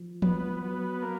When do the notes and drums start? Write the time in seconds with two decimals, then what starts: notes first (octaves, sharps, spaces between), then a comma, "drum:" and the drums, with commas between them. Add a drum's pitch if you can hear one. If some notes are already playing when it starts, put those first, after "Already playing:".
Already playing: F3
0.22 B3, drum: tom
0.62 F#3 B3
1.02 A#3